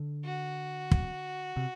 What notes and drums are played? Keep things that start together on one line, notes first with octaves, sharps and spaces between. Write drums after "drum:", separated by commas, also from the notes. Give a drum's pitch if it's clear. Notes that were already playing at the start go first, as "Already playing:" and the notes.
Already playing: D3
F#4
drum: kick
C3